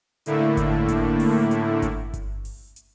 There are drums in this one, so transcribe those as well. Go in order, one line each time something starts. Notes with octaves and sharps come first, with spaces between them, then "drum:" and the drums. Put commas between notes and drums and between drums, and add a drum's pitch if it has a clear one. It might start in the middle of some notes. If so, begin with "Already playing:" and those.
A2 D3 A3 A#3 E4, drum: hi-hat
drum: kick G1, hi-hat
drum: kick G1, hi-hat
drum: open hi-hat
drum: hi-hat
drum: kick G1, hi-hat
drum: kick G1, hi-hat
drum: open hi-hat
drum: hi-hat